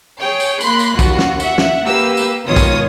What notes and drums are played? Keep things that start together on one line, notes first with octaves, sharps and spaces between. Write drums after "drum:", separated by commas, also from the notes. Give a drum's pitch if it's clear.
G#4 C#5 G5
drum: tambourine
A#3 B5 C6 F#6, drum: tambourine
drum: tambourine
D#2 F4 F#4, drum: kick, tambourine
drum: snare
E5 F#5, drum: tambourine
drum: snare
A#3 G4 B4 E6
drum: tambourine
G#1 B2 D#3 F4 C#5 D#6
drum: kick, tambourine